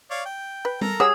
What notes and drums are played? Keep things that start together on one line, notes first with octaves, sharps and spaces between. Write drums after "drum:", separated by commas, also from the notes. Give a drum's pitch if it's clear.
C#5 D5 F5
G5
B4
A4 A#4 A#5, drum: tom G3
G4 G#4 C#5 F#5 D#6 E6